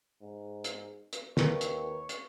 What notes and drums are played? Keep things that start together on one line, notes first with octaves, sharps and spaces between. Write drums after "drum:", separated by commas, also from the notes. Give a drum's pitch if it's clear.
G#2
drum: hi-hat
drum: hi-hat
D#2 A#4 B4 C#5, drum: snare
drum: hi-hat
drum: hi-hat